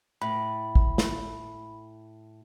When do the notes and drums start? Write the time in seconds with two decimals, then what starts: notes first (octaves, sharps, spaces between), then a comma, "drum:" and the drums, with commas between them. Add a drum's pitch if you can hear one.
0.22 A2 B5
0.75 drum: kick
0.98 drum: snare